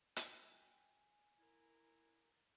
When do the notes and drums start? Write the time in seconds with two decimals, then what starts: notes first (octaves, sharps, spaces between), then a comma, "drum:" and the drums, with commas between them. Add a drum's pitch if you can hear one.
0.16 G5 G#5, drum: hi-hat
1.39 E4 A#4